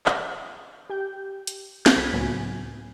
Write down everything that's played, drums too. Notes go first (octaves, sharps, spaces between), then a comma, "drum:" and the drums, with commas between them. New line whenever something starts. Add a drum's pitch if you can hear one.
drum: clap
G4 G5 G6
drum: hi-hat
drum: snare
C2 B5 G#6 B6
C#2 A2 F#3 A#3 B3 G#5